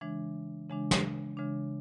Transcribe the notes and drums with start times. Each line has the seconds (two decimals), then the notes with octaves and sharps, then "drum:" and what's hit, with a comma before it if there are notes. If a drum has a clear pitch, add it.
0.01 C#3 E3 G#3 D4
0.70 C#3 E3 G#3 D4
0.91 drum: snare
1.37 C#3 E3 G#3 D4